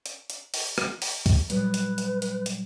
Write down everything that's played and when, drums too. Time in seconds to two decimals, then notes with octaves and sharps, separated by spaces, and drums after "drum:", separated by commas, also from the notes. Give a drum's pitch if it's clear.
0.06 drum: hi-hat
0.30 drum: hi-hat
0.54 drum: open hi-hat
0.78 drum: rim click
1.02 drum: open hi-hat
1.26 drum: kick, open hi-hat
1.50 A#2 F#3 G3 B4, drum: hi-hat
1.74 drum: hi-hat
1.98 drum: hi-hat
2.22 drum: hi-hat
2.46 drum: hi-hat